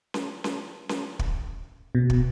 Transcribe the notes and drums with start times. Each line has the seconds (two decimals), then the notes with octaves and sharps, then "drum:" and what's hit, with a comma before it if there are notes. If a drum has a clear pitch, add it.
0.14 drum: snare C#4
0.44 drum: snare C#4
0.89 drum: snare C#4
1.19 drum: kick
1.95 B2
2.10 drum: kick